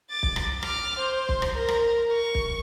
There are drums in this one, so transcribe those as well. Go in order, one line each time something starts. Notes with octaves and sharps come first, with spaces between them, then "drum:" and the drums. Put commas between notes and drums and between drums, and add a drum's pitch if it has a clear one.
D6 A6
drum: kick
drum: rim click
D6 F6, drum: rim click
C5
drum: kick
drum: rim click
A#4
drum: rim click
C#6
drum: kick